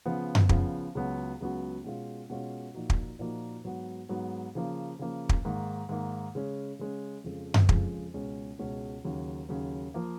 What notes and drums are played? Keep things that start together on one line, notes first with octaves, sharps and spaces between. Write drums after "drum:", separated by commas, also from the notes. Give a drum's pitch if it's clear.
C#3 F3 B3
drum: tom F#2
C#3 F3 B3, drum: kick
C#2 C#3 F#3 B3 F#4
C#2 C#3 F#3 B3 F#4
B2 G#3 C#4 F4
B2 G#3 C#4 F4
A#2 F3 A#3 D#4 F#4
drum: kick
A#2 F3 A#3 D#4 F#4
G#2 F#3 B3 F#4
G#2 F#3 B3 F#4
C#3 F3 A#3
C#3 F3 A#3
drum: kick
G#2 D#3 A#3
G#2 D#3 A#3
C#3 G#3 C#4
C#3 G#3 C#4
F2 C#3 F3 G#3
drum: tom F#2
F2 C#3 F3 G#3, drum: kick
C#2 B2 G#3 C#4
C#2 B2 G#3 C#4
D#2 C#3 F#3
D#2 C#3 F#3
F3 A#3